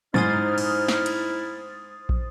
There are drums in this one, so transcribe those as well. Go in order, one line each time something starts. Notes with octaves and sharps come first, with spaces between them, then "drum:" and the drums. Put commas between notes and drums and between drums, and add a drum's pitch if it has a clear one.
G#2 D#4 E4 C5 D#6 F6 A6, drum: tom
drum: cymbal
drum: snare
drum: cymbal
drum: kick